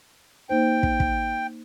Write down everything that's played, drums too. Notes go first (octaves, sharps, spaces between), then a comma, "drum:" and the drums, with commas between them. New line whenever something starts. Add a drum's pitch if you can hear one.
A#3 D#4 C5 G5
drum: kick
drum: kick